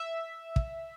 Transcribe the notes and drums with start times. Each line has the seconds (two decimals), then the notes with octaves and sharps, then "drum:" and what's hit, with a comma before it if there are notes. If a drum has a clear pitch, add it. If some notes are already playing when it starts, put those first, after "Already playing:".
Already playing: E5
0.56 drum: kick